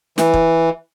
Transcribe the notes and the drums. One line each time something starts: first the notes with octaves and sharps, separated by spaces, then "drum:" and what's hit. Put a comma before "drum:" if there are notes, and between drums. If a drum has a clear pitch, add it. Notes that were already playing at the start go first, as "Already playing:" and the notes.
E3, drum: snare
drum: kick